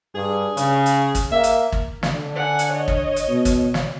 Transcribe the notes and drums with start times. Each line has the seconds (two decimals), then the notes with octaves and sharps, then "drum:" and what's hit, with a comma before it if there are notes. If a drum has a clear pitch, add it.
0.15 G2 G#4
0.57 C#3, drum: hi-hat
0.86 drum: hi-hat
1.15 drum: kick, hi-hat
1.32 A#3 E5
1.44 drum: hi-hat
1.72 drum: kick
2.03 D3, drum: snare
2.36 F#5 G#5
2.59 drum: hi-hat
2.72 C#5 D#5
2.88 drum: kick
3.16 drum: hi-hat
3.28 B2
3.45 drum: kick, hi-hat
3.74 drum: snare